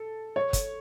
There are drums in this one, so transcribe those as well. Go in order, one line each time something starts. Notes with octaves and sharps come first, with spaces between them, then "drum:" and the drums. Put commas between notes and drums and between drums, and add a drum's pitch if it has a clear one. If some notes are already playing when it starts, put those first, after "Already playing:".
Already playing: A4
C#5
drum: kick, hi-hat